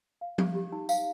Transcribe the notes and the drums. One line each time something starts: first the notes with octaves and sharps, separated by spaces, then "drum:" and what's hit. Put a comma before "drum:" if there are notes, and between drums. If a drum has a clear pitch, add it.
F5
G4, drum: tom F3
G4
D#4
F5, drum: tambourine